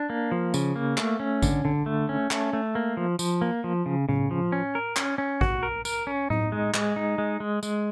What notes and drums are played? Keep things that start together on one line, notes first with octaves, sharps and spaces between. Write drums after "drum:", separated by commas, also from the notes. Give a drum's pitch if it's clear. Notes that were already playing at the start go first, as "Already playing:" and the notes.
Already playing: D4
A#3
F3
C#3, drum: tambourine
A#3
A3, drum: clap
C#4
D3, drum: kick A1, tambourine
D3
A3
C#4
A3, drum: clap
A3
A#3
F3
F3, drum: tambourine
A#3
F3
C#3
C#3, drum: tom A2
F3
C#4
A#4
C#4, drum: clap
C#4
F#4, drum: kick A1
A#4
A#4, drum: tambourine
C#4
D#4, drum: tom A2
G#3
G#3, drum: clap
D#4
G#3
G#3
G#3, drum: tambourine